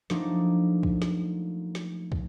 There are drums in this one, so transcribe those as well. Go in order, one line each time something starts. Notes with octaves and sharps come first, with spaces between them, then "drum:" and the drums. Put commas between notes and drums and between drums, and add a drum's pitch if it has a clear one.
F3 F#3 A3 A#3 D4 D#4, drum: snare
drum: kick
drum: snare
drum: snare
drum: kick